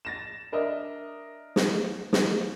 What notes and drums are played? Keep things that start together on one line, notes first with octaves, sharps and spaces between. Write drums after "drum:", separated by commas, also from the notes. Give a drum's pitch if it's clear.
A6 A#6 E7
D4 A#4 D#5 E5
drum: snare
drum: snare